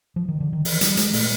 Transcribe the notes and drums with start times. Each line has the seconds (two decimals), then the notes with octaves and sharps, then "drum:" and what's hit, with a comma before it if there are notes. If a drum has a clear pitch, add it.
0.16 F3
0.28 D#3
0.40 D3
0.53 D#3
0.65 E3, drum: open hi-hat
0.81 G3, drum: hi-hat
0.97 G#3, drum: hi-hat
1.13 A#2 A3, drum: open hi-hat